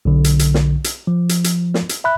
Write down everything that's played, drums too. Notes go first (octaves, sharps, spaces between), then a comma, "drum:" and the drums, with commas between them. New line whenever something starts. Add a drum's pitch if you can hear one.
B1 D3
drum: hi-hat
drum: hi-hat
drum: snare
drum: hi-hat
F3
drum: hi-hat
drum: hi-hat
drum: snare
drum: hi-hat
E5 B5 F#6